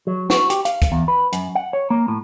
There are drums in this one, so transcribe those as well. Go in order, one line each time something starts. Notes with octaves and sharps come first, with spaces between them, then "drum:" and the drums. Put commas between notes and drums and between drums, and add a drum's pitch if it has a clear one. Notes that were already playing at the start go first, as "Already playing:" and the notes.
F#3
F#4, drum: snare
G4, drum: hi-hat
F5, drum: hi-hat
drum: kick, hi-hat
E2
B4
F#2, drum: hi-hat
F#5
C#5
A#3
A2